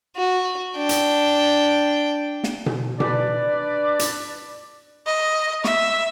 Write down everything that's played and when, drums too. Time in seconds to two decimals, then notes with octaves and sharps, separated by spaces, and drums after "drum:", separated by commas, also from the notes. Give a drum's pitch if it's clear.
0.16 F#4
0.76 D4 G5
0.89 drum: hi-hat
2.44 drum: snare
2.66 drum: tom B2
3.00 D4 B4 D5, drum: tom B2
3.99 drum: hi-hat
5.07 D#5
5.64 E5, drum: snare